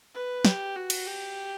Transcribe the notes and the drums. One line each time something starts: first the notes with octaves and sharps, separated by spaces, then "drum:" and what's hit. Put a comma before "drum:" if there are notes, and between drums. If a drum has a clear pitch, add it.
B4
G4, drum: snare
F#4
drum: cymbal
G4